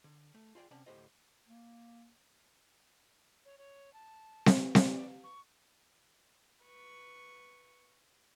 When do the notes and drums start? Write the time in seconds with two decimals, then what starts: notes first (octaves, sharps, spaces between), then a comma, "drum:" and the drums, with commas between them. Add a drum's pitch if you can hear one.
0.04 D3
0.34 A3
0.55 F4 G#4 D5 G5
0.71 C3 C#4 D5 G5 A5
0.86 D2 A2 G4 C5 D#5
1.48 A#3
3.45 C#5
3.58 C#5
3.93 A5
4.46 drum: snare C4
4.75 D5, drum: snare C4
5.24 C#6
6.62 B4 C#6